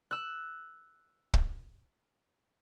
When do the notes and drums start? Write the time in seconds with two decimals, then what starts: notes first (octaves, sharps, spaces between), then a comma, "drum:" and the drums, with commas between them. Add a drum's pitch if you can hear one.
0.11 E6 F#6
1.34 drum: kick